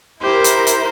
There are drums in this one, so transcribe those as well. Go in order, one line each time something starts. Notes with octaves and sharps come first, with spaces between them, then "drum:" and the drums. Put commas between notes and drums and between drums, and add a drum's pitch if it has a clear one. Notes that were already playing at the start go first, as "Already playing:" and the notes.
E4 G4 A#4 C5
drum: hi-hat
drum: hi-hat